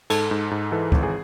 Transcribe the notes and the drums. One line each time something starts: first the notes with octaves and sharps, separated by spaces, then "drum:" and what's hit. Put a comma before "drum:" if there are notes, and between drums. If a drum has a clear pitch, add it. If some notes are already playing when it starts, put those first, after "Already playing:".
G#2 A4, drum: cymbal
G#2
G#2
E3 A4
G#1, drum: kick
G#4